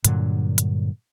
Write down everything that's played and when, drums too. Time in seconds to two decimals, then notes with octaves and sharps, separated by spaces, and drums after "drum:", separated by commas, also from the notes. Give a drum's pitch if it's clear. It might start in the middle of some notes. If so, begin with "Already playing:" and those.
0.05 G2 A#2 D3 F#3, drum: hi-hat
0.58 drum: hi-hat